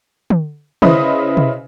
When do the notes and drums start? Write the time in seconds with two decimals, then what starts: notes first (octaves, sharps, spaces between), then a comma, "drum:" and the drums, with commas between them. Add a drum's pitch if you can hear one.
0.30 drum: tom
0.82 C#3 E4 B4 C5 D#5 D#6, drum: tom
1.37 drum: tom